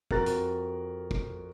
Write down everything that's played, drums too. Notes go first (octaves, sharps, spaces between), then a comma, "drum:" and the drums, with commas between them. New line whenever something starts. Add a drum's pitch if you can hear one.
F2 F#4 A#4 F#6 A6, drum: kick
drum: hi-hat
drum: kick